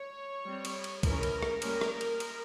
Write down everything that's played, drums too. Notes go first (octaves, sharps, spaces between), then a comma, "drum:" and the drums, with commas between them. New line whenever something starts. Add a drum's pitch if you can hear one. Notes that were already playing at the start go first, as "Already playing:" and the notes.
Already playing: C#5
G3 C4
drum: cymbal
drum: cymbal
E3 G#3 C#4 A#4, drum: kick, cymbal
drum: cymbal
drum: rim click
G3 A#3 C#4, drum: cymbal
drum: rim click
drum: cymbal
drum: cymbal